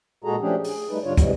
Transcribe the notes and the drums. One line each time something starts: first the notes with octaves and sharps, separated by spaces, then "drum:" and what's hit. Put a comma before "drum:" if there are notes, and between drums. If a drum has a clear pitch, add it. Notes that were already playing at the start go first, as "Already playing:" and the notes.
A#2 G#3 F#4 G#4 A4 A#5
F3 A3 C#4 D4 G4 G#4
G#4, drum: open hi-hat
G3 A3 D#4 B4
G#2 D3 G3 D4 F4 C#5
C3 E3 G3 G#3, drum: kick, hi-hat